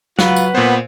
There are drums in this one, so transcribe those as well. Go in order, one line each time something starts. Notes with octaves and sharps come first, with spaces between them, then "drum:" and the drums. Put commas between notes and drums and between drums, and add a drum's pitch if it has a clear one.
F#3 F4 B4 F#5, drum: snare
drum: tambourine
A#2 B3 C5